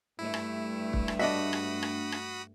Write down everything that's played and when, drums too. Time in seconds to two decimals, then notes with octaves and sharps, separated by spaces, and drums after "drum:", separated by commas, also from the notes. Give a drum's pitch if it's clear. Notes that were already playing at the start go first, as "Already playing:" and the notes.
0.19 G2 A3 E4
0.34 drum: rim click
0.93 drum: kick
1.08 drum: rim click
1.19 D4 F#4 D#5 E5 B5 D#6
1.53 drum: rim click
1.83 drum: rim click
2.12 drum: rim click